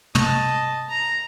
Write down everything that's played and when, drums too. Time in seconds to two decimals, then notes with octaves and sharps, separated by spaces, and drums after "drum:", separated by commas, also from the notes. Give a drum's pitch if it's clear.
0.15 D#5 A5, drum: tom
0.90 A#5